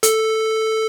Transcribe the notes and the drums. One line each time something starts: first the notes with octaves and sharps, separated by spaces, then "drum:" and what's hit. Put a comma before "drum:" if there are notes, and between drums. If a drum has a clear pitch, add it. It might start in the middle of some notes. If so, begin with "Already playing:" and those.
A4, drum: hi-hat